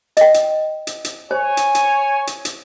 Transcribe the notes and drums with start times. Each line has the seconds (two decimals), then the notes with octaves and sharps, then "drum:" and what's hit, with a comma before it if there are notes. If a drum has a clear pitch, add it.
0.17 D#5 G5, drum: hi-hat
0.34 drum: hi-hat
0.87 drum: hi-hat
1.05 drum: hi-hat
1.31 C5 C#5 G#5
1.57 drum: hi-hat
1.75 drum: hi-hat
2.27 drum: hi-hat
2.45 drum: hi-hat